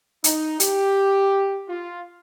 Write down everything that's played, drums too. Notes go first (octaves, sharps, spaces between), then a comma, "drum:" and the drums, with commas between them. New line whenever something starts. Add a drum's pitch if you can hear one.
D#4, drum: hi-hat
G4, drum: hi-hat
F4